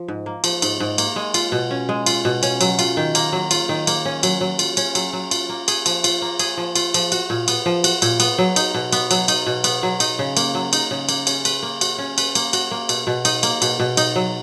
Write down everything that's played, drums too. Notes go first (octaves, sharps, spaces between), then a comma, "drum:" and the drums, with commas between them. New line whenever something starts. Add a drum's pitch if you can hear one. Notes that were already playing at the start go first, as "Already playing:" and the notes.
Already playing: F3
G#2
A#3
F3, drum: cymbal
G#2, drum: cymbal
G#2
A#3, drum: cymbal
G#3
F4, drum: cymbal
B2
C#4
G#3
F4, drum: cymbal
B2
C#4, drum: cymbal
F#3, drum: cymbal
F4, drum: cymbal
D#3
A#3, drum: cymbal
F#3
F4, drum: cymbal
D#3
A#3, drum: cymbal
C#4
F#3, drum: cymbal
F#3
F4, drum: cymbal
C#4, drum: cymbal
F#3, drum: cymbal
F#3
F4, drum: cymbal
A#3
G#4, drum: cymbal
F3, drum: cymbal
F4, drum: cymbal
A#3
G#4, drum: cymbal
F3
F4, drum: cymbal
F3, drum: cymbal
F#4, drum: cymbal
A#2
B3, drum: cymbal
F3
F#4, drum: cymbal
A#2, drum: cymbal
B3, drum: cymbal
F#3
D#4, drum: cymbal
B2
B3, drum: cymbal
F#3, drum: cymbal
D#4, drum: cymbal
B2
B3, drum: cymbal
F#3
D#4, drum: cymbal
C#3
A#3, drum: cymbal
F#3
D#4, drum: cymbal
C#3
A#3, drum: cymbal
C#4, drum: cymbal
B4, drum: cymbal
A#3
F#4, drum: cymbal
C#4
B4, drum: cymbal
A#3, drum: cymbal
F#4, drum: cymbal
A#3
B2, drum: cymbal
B2
D#4, drum: cymbal
A#3, drum: cymbal
B2, drum: cymbal
B2
D#4, drum: cymbal
F#3